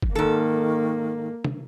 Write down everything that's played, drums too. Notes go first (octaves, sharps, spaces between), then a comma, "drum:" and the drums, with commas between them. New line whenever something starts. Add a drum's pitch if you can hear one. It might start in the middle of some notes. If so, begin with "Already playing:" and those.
drum: kick
G#2 D#3 A#3 A4
drum: tom